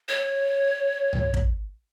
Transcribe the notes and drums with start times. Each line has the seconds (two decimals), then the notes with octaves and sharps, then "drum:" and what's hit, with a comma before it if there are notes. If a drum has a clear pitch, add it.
0.09 C#5
1.13 drum: tom
1.34 drum: kick